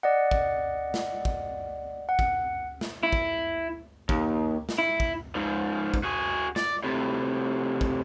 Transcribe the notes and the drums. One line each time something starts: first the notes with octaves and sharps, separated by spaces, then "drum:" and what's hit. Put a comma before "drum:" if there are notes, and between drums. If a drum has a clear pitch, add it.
D5 D#5 F#5
drum: kick
drum: snare
drum: kick
F#5
drum: kick
drum: snare
E4
drum: kick
D#2, drum: kick
drum: snare
E4
drum: kick
G#2 F3
drum: kick
F#4 G#4
D5, drum: snare
A2 C3
drum: kick